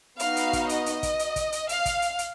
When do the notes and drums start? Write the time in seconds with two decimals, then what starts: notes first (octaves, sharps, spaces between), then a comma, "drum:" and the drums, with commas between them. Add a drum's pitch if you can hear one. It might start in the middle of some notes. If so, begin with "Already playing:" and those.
0.19 B3 D#4 F#4 F5, drum: hi-hat
0.37 drum: hi-hat
0.53 drum: kick, hi-hat
0.69 D#5, drum: hi-hat
0.86 drum: hi-hat
1.03 drum: kick, hi-hat
1.19 drum: hi-hat
1.36 drum: kick, hi-hat
1.52 drum: hi-hat
1.69 F5, drum: hi-hat
1.86 drum: kick, hi-hat
2.02 drum: hi-hat
2.19 drum: hi-hat